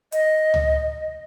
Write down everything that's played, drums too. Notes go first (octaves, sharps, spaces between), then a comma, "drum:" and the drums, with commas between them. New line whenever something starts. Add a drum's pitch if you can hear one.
D#5, drum: hi-hat
drum: tom C#2